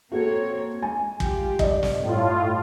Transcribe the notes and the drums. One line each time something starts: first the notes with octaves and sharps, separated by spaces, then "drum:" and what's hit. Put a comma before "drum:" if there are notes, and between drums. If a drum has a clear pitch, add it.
A#3 C4 F#4 A4 C#5
G#3 G#5
G#3 F4 G4, drum: kick
G2 D5 D#5, drum: kick
drum: snare
A2 F4